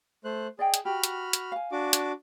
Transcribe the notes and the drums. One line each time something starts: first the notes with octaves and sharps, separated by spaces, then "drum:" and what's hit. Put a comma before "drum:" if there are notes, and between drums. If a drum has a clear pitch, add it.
A3 C5 F#6
G#4 D5 D#5 G5
drum: hi-hat
F#4 G4 B5 F6
drum: hi-hat
drum: hi-hat
F5 G#5
D4 F#4 D6
drum: hi-hat